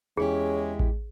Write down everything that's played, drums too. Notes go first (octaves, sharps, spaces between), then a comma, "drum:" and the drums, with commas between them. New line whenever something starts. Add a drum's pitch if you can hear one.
E2 G#3 C#4 E4 G4 G#4
drum: kick A1